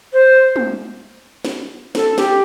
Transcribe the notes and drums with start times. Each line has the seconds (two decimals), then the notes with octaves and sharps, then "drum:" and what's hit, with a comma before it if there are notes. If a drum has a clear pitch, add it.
0.13 C5
0.56 drum: tom
1.45 drum: snare
1.95 A4, drum: snare
2.18 G4, drum: snare